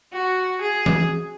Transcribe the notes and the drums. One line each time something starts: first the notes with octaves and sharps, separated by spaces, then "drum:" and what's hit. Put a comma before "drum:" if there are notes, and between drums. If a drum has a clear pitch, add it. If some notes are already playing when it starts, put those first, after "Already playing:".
F#4
G#4
drum: tom